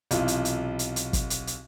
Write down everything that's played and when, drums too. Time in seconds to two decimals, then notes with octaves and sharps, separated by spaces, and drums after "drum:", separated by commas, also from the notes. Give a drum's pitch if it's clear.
0.11 B1 C3 E3 F4, drum: hi-hat
0.28 drum: hi-hat
0.45 drum: hi-hat
0.79 drum: hi-hat
0.96 drum: hi-hat
1.13 drum: kick, hi-hat
1.30 drum: hi-hat
1.47 drum: hi-hat